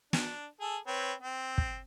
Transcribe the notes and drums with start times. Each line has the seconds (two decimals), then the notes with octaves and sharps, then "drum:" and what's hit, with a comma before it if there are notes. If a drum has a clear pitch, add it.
0.13 D4, drum: snare
0.61 G#4 A4
0.87 C4 B4 C#5
1.22 C4
1.58 drum: kick